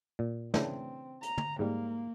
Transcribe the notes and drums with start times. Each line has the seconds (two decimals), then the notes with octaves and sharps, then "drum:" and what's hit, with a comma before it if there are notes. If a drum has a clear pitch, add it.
0.19 A#2
0.54 C#3 E3 C4 D4, drum: snare
1.23 A#5, drum: hi-hat
1.38 drum: tom
1.59 G#2 G3 A#3